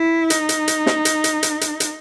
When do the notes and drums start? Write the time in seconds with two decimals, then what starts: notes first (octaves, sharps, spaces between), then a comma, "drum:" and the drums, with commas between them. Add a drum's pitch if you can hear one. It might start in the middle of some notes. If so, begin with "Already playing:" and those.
Already playing: E4
0.30 D#4, drum: hi-hat
0.49 drum: hi-hat
0.68 drum: hi-hat
0.86 drum: snare
1.05 drum: hi-hat
1.24 drum: hi-hat
1.43 drum: hi-hat
1.61 drum: hi-hat
1.80 drum: hi-hat